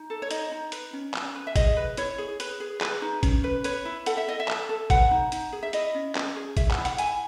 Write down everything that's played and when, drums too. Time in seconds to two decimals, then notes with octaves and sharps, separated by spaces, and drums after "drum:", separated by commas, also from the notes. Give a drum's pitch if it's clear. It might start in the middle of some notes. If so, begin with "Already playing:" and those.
Already playing: D#4
0.10 A4
0.22 C#5
0.31 D#4 D#5, drum: hi-hat
0.52 D#4
0.72 B4, drum: hi-hat
0.93 C#4
1.14 C#4, drum: clap
1.35 B4
1.47 E5
1.56 G#4 D#5, drum: kick, hi-hat
1.77 B4
1.97 E4 C#5, drum: hi-hat
2.18 G#4
2.40 B4, drum: hi-hat
2.60 G#4
2.81 G#4 B4, drum: clap
3.02 D#4
3.23 C#4, drum: kick, hi-hat
3.44 B4
3.64 B4 C#5, drum: hi-hat
3.85 E4
4.06 A4 F#5, drum: hi-hat
4.17 E5
4.27 A4 D#5
4.40 E5
4.48 A4, drum: clap
4.69 A4
4.90 B4 F#5, drum: kick, hi-hat
5.11 D#4
5.32 D#4, drum: hi-hat
5.52 G#4
5.63 E5
5.73 E4 D#5, drum: hi-hat
5.95 C#4
6.15 C#4, drum: clap
6.36 G#4
6.57 G#4 E5, drum: kick, hi-hat
6.71 F#5, drum: clap
6.78 E4
6.85 F#5, drum: hi-hat
6.98 E4 G#5, drum: hi-hat